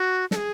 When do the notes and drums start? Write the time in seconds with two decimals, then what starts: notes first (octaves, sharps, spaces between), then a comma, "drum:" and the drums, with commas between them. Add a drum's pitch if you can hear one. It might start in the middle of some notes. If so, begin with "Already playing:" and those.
Already playing: F#4
0.31 A4, drum: snare
0.36 G#4